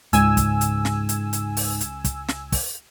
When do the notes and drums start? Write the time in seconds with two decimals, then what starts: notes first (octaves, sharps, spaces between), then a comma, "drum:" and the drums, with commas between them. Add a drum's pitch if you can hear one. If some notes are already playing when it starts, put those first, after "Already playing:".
0.13 C#2 G#2 G#5 E6, drum: hi-hat
0.37 drum: kick, hi-hat
0.61 drum: hi-hat
0.85 drum: snare
1.09 drum: hi-hat
1.33 drum: hi-hat
1.57 drum: open hi-hat
1.81 drum: hi-hat
2.04 drum: kick, hi-hat
2.28 drum: snare
2.52 drum: kick, open hi-hat